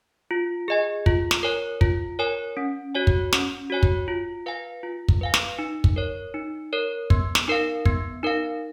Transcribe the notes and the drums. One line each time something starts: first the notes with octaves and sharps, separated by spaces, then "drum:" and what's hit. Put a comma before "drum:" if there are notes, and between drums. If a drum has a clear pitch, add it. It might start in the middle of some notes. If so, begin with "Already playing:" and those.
F4
G#4 D#5 G#5
F4, drum: kick
drum: snare
A#4 C#5 G#5
F4, drum: kick
A#4 C#5 G#5
C#4
F#4 C#5 G#5
drum: kick
C#4, drum: snare
F#4 C#5 G#5
drum: kick
F4
B4 F5 G#5
F4
drum: kick
B4 F5 G#5
drum: snare
D#4
drum: kick
A#4 C#5
D#4
A#4 C#5
B3, drum: kick
drum: snare
D#4 A#4 F5
B3, drum: kick
D#4 A#4 F5